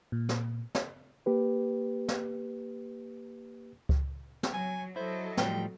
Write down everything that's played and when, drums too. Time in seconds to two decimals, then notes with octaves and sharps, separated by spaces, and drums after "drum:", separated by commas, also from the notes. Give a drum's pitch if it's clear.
0.12 A#2
0.29 drum: snare
0.75 drum: snare
1.26 A#3 G4 B4
2.08 drum: snare
3.89 drum: kick C#2
4.43 drum: snare
4.53 F#3 G#5
4.96 F#3 E4 A4 C5 D#5
5.37 A2 F3 G3 G5, drum: snare